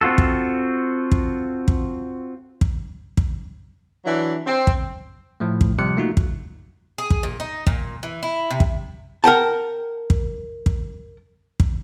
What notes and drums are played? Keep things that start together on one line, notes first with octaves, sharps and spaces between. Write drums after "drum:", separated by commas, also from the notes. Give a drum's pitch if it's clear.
C4 F4 F#4 A4
drum: kick
drum: kick
drum: kick
drum: kick
drum: kick
E3 F#3 D4
C4
drum: kick
A2 F3 A3
drum: kick
C3 F3 G3 F#6 C#7
A3 A#3 D#4 F4 F#4
drum: kick
G#4
drum: kick
A#2
D#4
A#2, drum: kick
E3
E4
C3
drum: kick
A#4 F#5 G5 A5
drum: kick
drum: kick
drum: kick